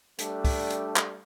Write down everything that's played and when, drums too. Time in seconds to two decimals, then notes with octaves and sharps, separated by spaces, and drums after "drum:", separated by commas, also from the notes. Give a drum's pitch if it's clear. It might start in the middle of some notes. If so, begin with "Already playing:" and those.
0.19 G3 A3 D4, drum: hi-hat
0.45 drum: kick, open hi-hat
0.70 drum: hi-hat
0.96 drum: clap